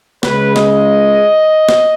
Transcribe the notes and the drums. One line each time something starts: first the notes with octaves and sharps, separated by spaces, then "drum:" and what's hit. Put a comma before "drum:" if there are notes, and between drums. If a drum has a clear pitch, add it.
C#2 C#3 G#3 B4, drum: snare
D#5, drum: snare
drum: snare